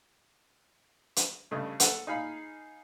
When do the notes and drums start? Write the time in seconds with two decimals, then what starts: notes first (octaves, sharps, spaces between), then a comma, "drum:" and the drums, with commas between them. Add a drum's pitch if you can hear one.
1.16 drum: hi-hat
1.51 G2 C#3 A3 D#5
1.80 A4 F#5, drum: hi-hat
2.07 D#4 G#4 F5 B5